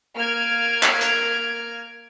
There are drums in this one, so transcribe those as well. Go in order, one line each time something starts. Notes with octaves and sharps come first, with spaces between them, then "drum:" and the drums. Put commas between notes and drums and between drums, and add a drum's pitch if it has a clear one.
A#3 F6 G#6 D7
drum: clap
drum: hi-hat